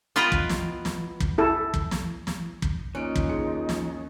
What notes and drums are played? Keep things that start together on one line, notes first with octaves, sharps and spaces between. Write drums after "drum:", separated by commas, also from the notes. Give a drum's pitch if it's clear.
B3 F4 B4 D#5 G5 A#5
drum: kick
drum: snare
drum: snare
drum: kick
E4 A4
drum: kick
drum: snare
drum: snare
drum: kick
A#2 C#4 D#4 F#6 D7
drum: kick
D#2 G#4 C#7
drum: snare